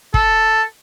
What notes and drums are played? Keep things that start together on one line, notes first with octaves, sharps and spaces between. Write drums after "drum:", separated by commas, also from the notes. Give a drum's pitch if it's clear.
A4, drum: kick